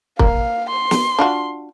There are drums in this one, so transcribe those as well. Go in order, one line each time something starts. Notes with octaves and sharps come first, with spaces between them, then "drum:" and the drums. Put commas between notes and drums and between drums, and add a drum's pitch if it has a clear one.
A#3 F5, drum: kick
C6
drum: snare
D4 F4 F#4